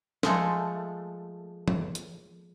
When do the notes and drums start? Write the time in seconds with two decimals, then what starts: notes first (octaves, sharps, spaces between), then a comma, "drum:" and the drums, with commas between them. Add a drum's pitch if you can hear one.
0.23 F3 G#3 A3, drum: snare
1.68 drum: tom E3
1.95 drum: hi-hat